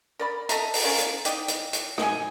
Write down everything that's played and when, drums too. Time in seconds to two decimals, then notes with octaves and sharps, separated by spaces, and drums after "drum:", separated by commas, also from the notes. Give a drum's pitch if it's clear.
0.19 A#4 D5 B5
0.49 A4 D#5 E5 A#5, drum: hi-hat
0.74 drum: open hi-hat
0.84 C#4 F4 A#4
0.98 drum: hi-hat
1.25 D#4 D5 D#5 G5, drum: hi-hat
1.48 drum: hi-hat
1.73 drum: hi-hat
1.98 D#4 G#5, drum: rim click